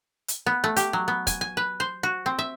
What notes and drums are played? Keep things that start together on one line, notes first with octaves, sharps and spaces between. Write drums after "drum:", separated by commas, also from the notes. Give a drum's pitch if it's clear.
drum: hi-hat
B3
A3
G4, drum: hi-hat
F#3
B3
G#5, drum: kick, hi-hat
G#5
B4
C5
F#4
C4
E5